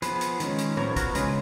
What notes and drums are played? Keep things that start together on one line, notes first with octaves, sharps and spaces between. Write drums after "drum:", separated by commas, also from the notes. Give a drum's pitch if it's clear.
F3 B3 G#4 B4, drum: hi-hat
drum: hi-hat
D#3 G#3 C#4, drum: hi-hat
drum: hi-hat
F3 B3 A#4 C#5, drum: tom A2
F#4 A#4, drum: kick, hi-hat
C#3 G#3 C#4 G#4 B4, drum: hi-hat